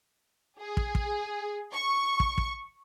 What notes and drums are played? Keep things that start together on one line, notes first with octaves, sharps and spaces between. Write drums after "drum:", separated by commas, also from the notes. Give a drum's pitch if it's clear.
G#4
drum: kick
drum: kick
C#6
drum: kick
drum: kick